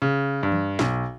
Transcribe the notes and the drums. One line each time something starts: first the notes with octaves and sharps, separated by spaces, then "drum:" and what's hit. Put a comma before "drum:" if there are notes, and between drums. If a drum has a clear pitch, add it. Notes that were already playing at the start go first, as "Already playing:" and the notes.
C#3
G2
drum: tom E3
B1, drum: snare